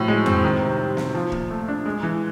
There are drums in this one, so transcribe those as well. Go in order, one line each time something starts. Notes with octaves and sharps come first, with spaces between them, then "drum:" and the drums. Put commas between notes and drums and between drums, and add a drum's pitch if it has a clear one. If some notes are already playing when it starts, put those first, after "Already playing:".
Already playing: A2 F3 F#3
G#3
C4, drum: tom F2
D#3
C3
G3
C3, drum: snare
F3
A#2, drum: kick
A3
D4
G#3
E3